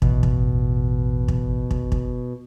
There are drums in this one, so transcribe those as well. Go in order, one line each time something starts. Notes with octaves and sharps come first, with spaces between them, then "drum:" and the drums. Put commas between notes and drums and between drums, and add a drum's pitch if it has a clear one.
A1 E2 B2, drum: kick
drum: kick
drum: kick
drum: kick
drum: kick